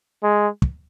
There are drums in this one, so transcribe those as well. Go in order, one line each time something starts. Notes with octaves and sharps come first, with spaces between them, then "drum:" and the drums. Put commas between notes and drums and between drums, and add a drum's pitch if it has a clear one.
G#3
drum: kick